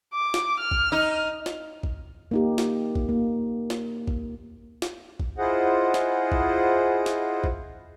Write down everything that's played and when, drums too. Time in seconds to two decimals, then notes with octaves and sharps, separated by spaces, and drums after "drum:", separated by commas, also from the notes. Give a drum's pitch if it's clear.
0.14 D6
0.34 drum: snare
0.60 F6
0.71 drum: kick A1
0.92 D#4
1.46 drum: snare
1.83 drum: kick A1
2.31 A#3 D#4 G4
2.58 drum: snare
2.95 drum: kick A1
3.09 A#3
3.70 drum: snare
4.07 drum: kick A1
4.82 drum: snare
5.20 drum: kick A1
5.38 E4 F4 G#4 C5 D#5 F#5
5.94 drum: snare
6.32 drum: kick A1
7.06 drum: snare
7.44 drum: kick A1